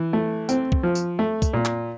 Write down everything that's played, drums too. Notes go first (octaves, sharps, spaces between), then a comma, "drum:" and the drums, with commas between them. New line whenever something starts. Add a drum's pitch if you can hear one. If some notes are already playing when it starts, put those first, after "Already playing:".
Already playing: E3
A3
C4, drum: tambourine
drum: kick
F3
drum: tambourine
A3
drum: kick, tambourine
A#2
drum: clap